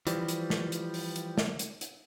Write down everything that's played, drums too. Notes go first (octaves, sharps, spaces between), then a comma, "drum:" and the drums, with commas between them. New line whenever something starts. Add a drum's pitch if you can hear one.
E3 F3 G3, drum: hi-hat
drum: hi-hat
drum: snare
drum: hi-hat
drum: open hi-hat
drum: hi-hat
drum: snare
drum: hi-hat
drum: hi-hat